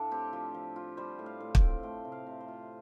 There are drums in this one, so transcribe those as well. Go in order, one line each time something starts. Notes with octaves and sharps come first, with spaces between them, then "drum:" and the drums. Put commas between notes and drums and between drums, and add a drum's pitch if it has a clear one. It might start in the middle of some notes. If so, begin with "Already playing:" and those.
Already playing: A2 D4 A4 D5 F5
C4 G4
F3
F3
F4
G3 C5
A2
F5
A2
G5, drum: kick
C4
A3 G5
C3
F5
C3
C5
F4